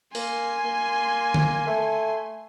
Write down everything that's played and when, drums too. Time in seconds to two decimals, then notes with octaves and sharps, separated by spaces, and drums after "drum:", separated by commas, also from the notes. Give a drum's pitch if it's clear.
0.15 A#3 G#5 C6, drum: open hi-hat
0.65 A#3
1.34 drum: tom D3
1.67 A3